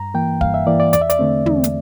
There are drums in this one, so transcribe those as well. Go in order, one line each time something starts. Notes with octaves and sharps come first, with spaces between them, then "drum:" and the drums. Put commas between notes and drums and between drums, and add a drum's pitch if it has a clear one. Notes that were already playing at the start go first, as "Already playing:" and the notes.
Already playing: G2 A#5
E3 A#3 G5
G2 F5, drum: kick
E5
E3 A#3 D5
D5
E2 D5, drum: hi-hat
E5
D5, drum: hi-hat
D3 A3 C4
E2, drum: tom
drum: hi-hat